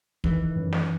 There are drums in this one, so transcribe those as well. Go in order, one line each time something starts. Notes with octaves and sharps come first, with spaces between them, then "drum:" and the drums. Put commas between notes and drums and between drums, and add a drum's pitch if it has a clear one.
D#3 E3, drum: kick
F#2
drum: snare